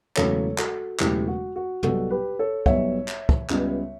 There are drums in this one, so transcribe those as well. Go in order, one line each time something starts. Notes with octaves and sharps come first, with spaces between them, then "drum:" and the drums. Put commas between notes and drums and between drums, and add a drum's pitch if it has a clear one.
E1 E2 C#3 F#3 A3 A4 C#5, drum: clap
F#4 A4, drum: clap
E1 E2 C#3 F#3 A3 E4 G4, drum: clap
F#4
F#4
B1 B2 G3 B3 F#4 A4, drum: tom
G4 B4
A4 C#5
B1 B2 G3 B3 C#5 E5, drum: kick
drum: clap
drum: kick
C#2 C#3 G3 B3, drum: clap